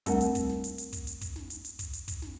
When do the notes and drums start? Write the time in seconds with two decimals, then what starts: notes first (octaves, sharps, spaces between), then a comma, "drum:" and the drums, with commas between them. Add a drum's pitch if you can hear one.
0.06 G3 A3 C4 D4 A#4 F#5, drum: kick, hi-hat
0.21 drum: hi-hat
0.35 drum: kick, hi-hat
0.49 drum: snare
0.64 drum: hi-hat
0.78 drum: hi-hat
0.93 drum: kick, hi-hat
1.07 drum: hi-hat
1.21 drum: kick, hi-hat
1.36 drum: snare
1.50 drum: hi-hat
1.65 drum: hi-hat
1.79 drum: kick, hi-hat
1.93 drum: hi-hat
2.08 drum: kick, hi-hat
2.22 drum: snare